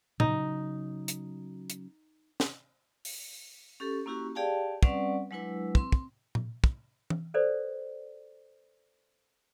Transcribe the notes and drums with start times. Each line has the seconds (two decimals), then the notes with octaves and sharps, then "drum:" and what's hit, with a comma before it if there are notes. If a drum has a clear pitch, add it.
0.20 C#3 F#3 D#4, drum: tom A#2
1.08 drum: hi-hat
1.70 drum: hi-hat
2.40 drum: snare
3.05 drum: open hi-hat
3.80 C#4 G4 A4
4.06 A#3 C#4 E4 F#4 G4
4.35 G4 G#4 D5 F5 G5 A5
4.83 G3 C4 C#4 B4 D5 F#5, drum: kick
5.31 F#3 G#3 D4 E4 B4 E6
5.75 C4 C6, drum: kick
5.92 drum: kick
6.35 drum: tom A#2
6.64 drum: kick
7.10 drum: tom E3
7.34 A4 B4 C5 D5